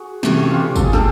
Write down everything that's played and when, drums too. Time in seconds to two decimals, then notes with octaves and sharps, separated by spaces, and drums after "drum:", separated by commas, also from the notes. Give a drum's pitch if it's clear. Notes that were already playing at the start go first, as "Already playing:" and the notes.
Already playing: F#4 G#4
0.23 C3 E3 A3 C#4 G4, drum: snare
0.37 F#4
0.51 F4 G4
0.76 A4, drum: kick, tambourine
0.84 G#4
0.93 G4 A4, drum: snare